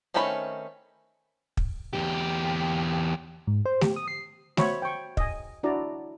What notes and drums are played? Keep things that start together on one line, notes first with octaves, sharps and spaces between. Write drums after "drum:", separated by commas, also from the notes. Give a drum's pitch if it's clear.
D#3 A3 C4 C#4 B5
drum: kick
E2 G4
G#2
C5
G4, drum: snare A3
D#6
C7
F#4 C5 C#5 E5 B5 C#6, drum: snare A3
G5 C#6
D#5 G#5, drum: kick
D4 E4 F#4 D5 A#5